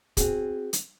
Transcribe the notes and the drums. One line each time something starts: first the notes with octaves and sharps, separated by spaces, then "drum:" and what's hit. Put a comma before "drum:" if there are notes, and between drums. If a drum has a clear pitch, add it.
C4 F#4 G#4, drum: kick, hi-hat
drum: hi-hat